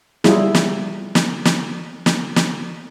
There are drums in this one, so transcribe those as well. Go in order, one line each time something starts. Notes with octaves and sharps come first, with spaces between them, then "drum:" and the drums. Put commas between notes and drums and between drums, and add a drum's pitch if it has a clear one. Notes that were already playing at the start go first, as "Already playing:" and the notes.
G3 E4 F4 G#4, drum: snare
drum: snare
drum: snare
drum: snare
drum: snare
drum: snare